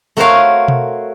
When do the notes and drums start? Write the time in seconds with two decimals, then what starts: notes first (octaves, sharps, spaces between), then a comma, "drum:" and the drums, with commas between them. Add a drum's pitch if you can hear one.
0.17 A3 F#4 A#4 C5 C#5 F5
0.68 drum: tom B2